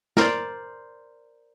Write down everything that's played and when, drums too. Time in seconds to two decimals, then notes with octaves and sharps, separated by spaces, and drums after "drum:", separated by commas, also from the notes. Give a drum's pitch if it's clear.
0.17 A#4 C5 D5, drum: snare